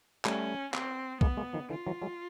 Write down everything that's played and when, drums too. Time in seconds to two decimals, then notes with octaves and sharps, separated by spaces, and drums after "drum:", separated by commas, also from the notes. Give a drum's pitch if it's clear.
0.25 G3 A3 C#4, drum: clap
0.74 C4, drum: clap
1.21 G#3 A#3 B3, drum: kick B1
1.37 G#3 A#3
1.53 D#3 F3
1.70 D3 E3 F4
1.87 E3 F#3
2.02 F#3 G#3